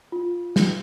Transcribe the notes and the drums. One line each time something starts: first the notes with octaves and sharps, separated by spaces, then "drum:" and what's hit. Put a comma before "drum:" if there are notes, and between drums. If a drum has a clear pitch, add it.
F4
drum: snare